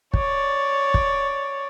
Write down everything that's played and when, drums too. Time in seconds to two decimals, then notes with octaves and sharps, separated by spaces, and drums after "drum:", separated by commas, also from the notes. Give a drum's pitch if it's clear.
0.14 C#5 D5, drum: kick
0.94 drum: kick